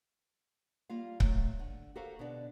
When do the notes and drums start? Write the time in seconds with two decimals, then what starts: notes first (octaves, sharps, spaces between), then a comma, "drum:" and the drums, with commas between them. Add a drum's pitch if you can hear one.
0.89 G3 A#3 F4 F5
1.20 F#3 A3, drum: kick C#1
1.59 D3
1.96 F#4 G4 A4 A#4 C5 F5
2.19 B2 D3 D4 D5